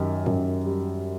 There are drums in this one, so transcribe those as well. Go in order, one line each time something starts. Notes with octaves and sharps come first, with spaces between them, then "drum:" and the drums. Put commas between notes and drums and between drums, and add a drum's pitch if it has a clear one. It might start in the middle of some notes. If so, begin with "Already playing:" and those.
Already playing: F#2 D#3 G4
F#2, drum: tom G2
G3